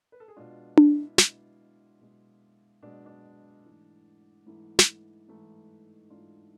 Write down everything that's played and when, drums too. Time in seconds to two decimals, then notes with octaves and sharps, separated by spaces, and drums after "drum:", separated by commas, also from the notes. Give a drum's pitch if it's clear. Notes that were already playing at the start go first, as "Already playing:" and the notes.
0.12 B4
0.20 A4
0.28 G#4
0.36 B2 G#3 D4 F4
0.77 E4, drum: tom D4
1.18 B2 G#3, drum: snare
2.00 B2 G#3
2.82 B2 G#3 D4
3.06 D4
3.64 G#2 E3 A3
4.46 G#2 E3 A3 E4
4.79 drum: snare
5.28 G#2 E3 A3
6.10 G#2 E3 A3 D4 F4